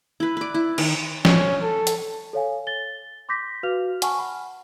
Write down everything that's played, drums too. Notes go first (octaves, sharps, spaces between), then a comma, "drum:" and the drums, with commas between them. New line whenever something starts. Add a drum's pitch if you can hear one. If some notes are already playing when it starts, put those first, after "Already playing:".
E4 B4
B4 D5
E4
D#3, drum: cymbal
C#4, drum: snare
A4
drum: hi-hat
A4 C#5 F5 G#5
A6 G7
C6 D6 G6 A#6 B6
F#4 B4 F5 F6 F7
F#5 G#5 A5 C#6 F6, drum: hi-hat
F#5 B5